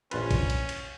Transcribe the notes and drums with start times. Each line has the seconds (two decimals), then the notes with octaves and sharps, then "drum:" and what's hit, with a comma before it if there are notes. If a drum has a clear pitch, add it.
0.11 A#1 C#4 F4 B4, drum: cymbal
0.31 drum: kick, cymbal
0.50 drum: cymbal
0.69 drum: cymbal